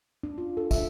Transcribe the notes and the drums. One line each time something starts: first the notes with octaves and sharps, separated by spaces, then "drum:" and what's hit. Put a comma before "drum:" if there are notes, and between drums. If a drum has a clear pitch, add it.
D4
F4
A4
E5, drum: kick, tambourine